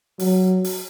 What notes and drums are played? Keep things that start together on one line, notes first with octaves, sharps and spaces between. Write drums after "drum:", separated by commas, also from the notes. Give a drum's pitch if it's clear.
F#3, drum: open hi-hat
drum: open hi-hat